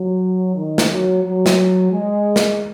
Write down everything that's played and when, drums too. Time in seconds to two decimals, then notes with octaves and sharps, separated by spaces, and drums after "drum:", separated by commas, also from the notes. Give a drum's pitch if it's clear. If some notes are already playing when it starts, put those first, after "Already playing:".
Already playing: F#3
0.56 D#3
0.78 drum: snare
0.90 F#3
1.23 F#3
1.46 drum: snare
1.91 G#3
2.36 drum: snare